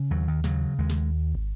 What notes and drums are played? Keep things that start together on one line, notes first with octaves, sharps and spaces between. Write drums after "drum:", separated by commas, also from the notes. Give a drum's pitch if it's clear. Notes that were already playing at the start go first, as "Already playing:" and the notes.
Already playing: C#3
D#2 F#3
D#3
C#3 F#3, drum: snare
D#2 G#3
drum: snare
drum: kick